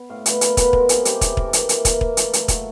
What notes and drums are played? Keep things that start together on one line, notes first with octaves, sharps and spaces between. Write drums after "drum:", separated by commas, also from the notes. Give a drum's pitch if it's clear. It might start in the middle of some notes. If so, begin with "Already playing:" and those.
Already playing: B3
A2 F5
B3 B4, drum: hi-hat
B2 A#4, drum: hi-hat
B3 B4, drum: kick, hi-hat
G#3 A#4, drum: kick
C3 G#4, drum: hi-hat
A3 G4, drum: hi-hat
E3 G#4, drum: kick, hi-hat
E3 A#4, drum: kick
A4
E3 A#4, drum: hi-hat
A#3, drum: hi-hat
E3, drum: kick, hi-hat
A#3, drum: kick
A3 A4, drum: hi-hat
A#2, drum: hi-hat
F#3, drum: kick, hi-hat